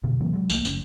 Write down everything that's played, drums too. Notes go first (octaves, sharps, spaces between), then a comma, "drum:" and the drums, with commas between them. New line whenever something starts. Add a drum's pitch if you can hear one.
F#1 B2 D3
C3 E3 F#3 A#3
F#3 G#3
C2 F3 A3 A#3, drum: tambourine
F#1 C#4, drum: tambourine